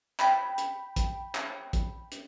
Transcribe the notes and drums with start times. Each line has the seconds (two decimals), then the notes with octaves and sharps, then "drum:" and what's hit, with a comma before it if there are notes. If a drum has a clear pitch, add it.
0.20 G5 B5, drum: clap
0.58 drum: hi-hat
0.96 drum: kick, hi-hat
1.35 drum: clap
1.73 drum: kick, hi-hat
2.12 drum: hi-hat